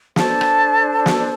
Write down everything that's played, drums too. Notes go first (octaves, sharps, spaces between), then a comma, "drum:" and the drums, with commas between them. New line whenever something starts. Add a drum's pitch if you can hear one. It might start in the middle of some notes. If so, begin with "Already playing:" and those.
D4 A4 C5 A5, drum: snare
drum: rim click
drum: snare